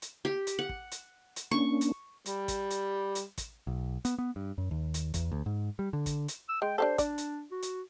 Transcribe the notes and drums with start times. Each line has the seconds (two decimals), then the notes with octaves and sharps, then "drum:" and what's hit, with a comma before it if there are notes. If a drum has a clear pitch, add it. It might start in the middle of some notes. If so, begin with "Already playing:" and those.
0.02 drum: hi-hat
0.25 G4
0.47 drum: hi-hat
0.59 F#5
0.69 drum: kick
0.92 drum: hi-hat
1.36 drum: hi-hat
1.51 A#3 C#4 D4 C#6
1.81 drum: hi-hat
2.26 G3, drum: hi-hat
2.48 drum: kick, hi-hat
2.71 drum: hi-hat
3.15 drum: hi-hat
3.38 drum: kick, hi-hat
3.67 B1
4.05 B3, drum: hi-hat
4.18 B3
4.36 G2
4.58 F#2
4.71 D#2
4.94 drum: hi-hat
5.14 E2, drum: kick, hi-hat
5.32 D2
5.46 G#2
5.79 G3
5.93 D3
6.06 drum: kick, hi-hat
6.28 drum: hi-hat
6.49 E6
6.62 G#3 G5
6.78 D4 G4 A4 C5
6.98 D4 D5, drum: kick, hi-hat
7.18 drum: hi-hat
7.51 F#4
7.63 drum: hi-hat